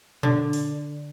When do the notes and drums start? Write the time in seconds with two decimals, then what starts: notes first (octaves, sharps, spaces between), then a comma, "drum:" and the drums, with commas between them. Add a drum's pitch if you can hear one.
0.23 D3, drum: tom A#2
0.53 drum: open hi-hat